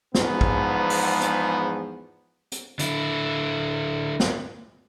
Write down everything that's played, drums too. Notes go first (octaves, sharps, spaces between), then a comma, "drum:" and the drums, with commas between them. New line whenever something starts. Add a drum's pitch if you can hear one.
E2 G#2 F3 B3, drum: snare
drum: kick
drum: open hi-hat
drum: hi-hat
drum: hi-hat
D3 E4, drum: hi-hat
drum: snare